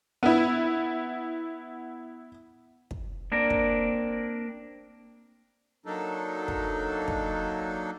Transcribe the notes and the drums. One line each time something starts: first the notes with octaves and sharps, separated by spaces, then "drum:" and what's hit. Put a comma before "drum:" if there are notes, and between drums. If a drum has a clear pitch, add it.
B3 E4
drum: kick
A#3 C4 D4 A#4
drum: kick
F#3 A#3 D4 D#4 A4
drum: kick
drum: kick